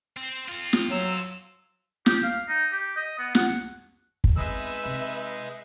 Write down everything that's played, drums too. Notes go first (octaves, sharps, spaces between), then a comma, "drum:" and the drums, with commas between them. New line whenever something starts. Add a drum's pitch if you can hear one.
C4
C4 F4
drum: snare
F#3 E6
G4, drum: snare
F5
D#4
G4
D#5
B3
F#5, drum: snare
drum: kick
G#3 B3 C4 D#4 B4 E5 E6
C3